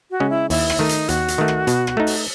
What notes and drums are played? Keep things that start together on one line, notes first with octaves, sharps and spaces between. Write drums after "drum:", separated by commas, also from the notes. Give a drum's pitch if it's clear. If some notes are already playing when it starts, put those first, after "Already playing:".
F#4
C#3 G#3 C#4
E4
D#2 E4, drum: open hi-hat
drum: rim click
D#3 A3 D#4
drum: hi-hat
D#2 F#4, drum: hi-hat
drum: hi-hat
D#3 A3
drum: rim click
B2, drum: hi-hat
drum: rim click
A3 D#4
drum: open hi-hat